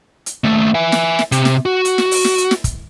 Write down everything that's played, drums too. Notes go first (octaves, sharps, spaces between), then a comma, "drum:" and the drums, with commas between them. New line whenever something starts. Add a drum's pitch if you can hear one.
drum: hi-hat
D#2 A3
E5 G#5
drum: snare
drum: snare
C3, drum: hi-hat
drum: snare
F#4
drum: hi-hat
drum: snare
drum: open hi-hat
drum: snare
drum: hi-hat
drum: snare
drum: kick, hi-hat